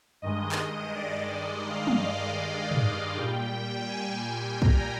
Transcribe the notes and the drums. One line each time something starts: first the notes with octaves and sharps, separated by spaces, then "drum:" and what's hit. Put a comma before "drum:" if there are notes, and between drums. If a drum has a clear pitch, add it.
G2 D#3 G#3 D#5
drum: clap
D5
D5
F5
drum: tom
drum: tom
A#2 G3 G5
G#5
A#5, drum: kick